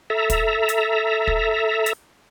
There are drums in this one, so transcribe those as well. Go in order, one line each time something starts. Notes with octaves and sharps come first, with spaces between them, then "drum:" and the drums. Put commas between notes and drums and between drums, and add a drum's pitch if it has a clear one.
A4 E5 A#5
drum: kick, hi-hat
drum: hi-hat
drum: kick
drum: hi-hat